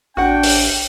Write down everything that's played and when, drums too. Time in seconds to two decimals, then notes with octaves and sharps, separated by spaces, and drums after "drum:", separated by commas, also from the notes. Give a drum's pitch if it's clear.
0.17 A1 D4 F#4 F#5 G5
0.43 drum: open hi-hat